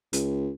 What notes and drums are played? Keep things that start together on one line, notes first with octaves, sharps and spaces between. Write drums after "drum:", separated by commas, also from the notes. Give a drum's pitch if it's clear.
C#2, drum: hi-hat